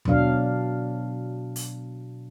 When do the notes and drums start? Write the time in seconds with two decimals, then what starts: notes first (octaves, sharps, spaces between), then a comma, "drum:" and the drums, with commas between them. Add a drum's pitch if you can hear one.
0.05 B2 F#3 D4 F5, drum: tom D#2
1.56 drum: open hi-hat